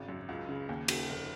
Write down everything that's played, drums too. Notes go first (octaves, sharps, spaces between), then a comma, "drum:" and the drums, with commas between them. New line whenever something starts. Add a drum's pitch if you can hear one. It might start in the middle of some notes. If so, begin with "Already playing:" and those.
Already playing: G#1 C#3
F#2
C#2
C#3
D#2
C#3, drum: cymbal
F1